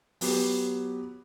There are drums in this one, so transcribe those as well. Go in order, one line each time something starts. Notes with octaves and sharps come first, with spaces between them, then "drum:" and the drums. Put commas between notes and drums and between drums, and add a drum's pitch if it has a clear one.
F#3 B3 G4, drum: open hi-hat